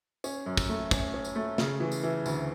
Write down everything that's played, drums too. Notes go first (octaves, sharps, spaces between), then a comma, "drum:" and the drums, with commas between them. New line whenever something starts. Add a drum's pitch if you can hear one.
C#4, drum: tambourine
F#2
drum: kick, tambourine
A3
C#4, drum: kick, tambourine
C#4
drum: tambourine
A3
C#3, drum: snare
E3
drum: tambourine
E3
D2, drum: tambourine